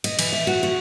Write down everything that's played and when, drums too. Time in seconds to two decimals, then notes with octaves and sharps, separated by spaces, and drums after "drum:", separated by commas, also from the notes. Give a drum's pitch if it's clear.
0.04 D#5, drum: cymbal
0.19 E3, drum: cymbal
0.33 E5
0.47 F#4
0.63 F#4